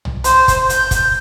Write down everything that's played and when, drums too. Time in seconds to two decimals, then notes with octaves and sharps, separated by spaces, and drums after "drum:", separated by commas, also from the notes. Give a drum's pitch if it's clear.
0.05 drum: tom
0.24 C5, drum: hi-hat
0.48 drum: kick, hi-hat
0.69 G6, drum: hi-hat
0.91 drum: kick, hi-hat